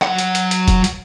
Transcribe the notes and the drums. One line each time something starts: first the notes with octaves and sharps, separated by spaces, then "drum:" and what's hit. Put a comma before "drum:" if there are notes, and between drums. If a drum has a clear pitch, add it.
F#3 F#5, drum: clap
drum: hi-hat
drum: hi-hat
drum: hi-hat
drum: kick, hi-hat
drum: hi-hat